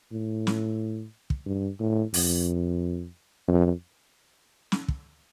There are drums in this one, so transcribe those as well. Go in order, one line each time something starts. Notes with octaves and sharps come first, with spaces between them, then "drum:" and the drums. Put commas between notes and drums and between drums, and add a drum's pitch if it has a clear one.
A2
drum: snare
drum: kick
G2
A2
F2, drum: open hi-hat
F2
drum: snare
drum: kick